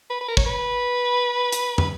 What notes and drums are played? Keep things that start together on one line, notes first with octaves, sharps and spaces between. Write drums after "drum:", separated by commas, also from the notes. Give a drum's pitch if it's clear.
B4
B4
A#4
C#5, drum: kick
B4
drum: hi-hat
B4, drum: tom